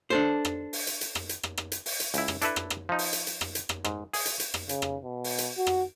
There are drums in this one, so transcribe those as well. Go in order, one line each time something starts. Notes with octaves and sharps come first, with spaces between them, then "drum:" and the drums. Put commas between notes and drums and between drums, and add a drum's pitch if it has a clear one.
D4 A4 C5
drum: rim click
drum: open hi-hat
drum: hi-hat
drum: hi-hat
drum: rim click
drum: hi-hat
drum: rim click
drum: rim click
drum: hi-hat
drum: open hi-hat
drum: hi-hat
C#2 E4, drum: hi-hat
drum: rim click
D4 E4 A4 B4 E5, drum: hi-hat
drum: rim click
drum: rim click
F3 D#4
drum: open hi-hat
drum: hi-hat
drum: hi-hat
drum: rim click
drum: hi-hat
drum: rim click
G#2, drum: rim click
G#4, drum: open hi-hat
drum: hi-hat
drum: hi-hat
drum: rim click
C#3, drum: hi-hat
drum: rim click
B2
drum: open hi-hat
drum: hi-hat
F#4
drum: rim click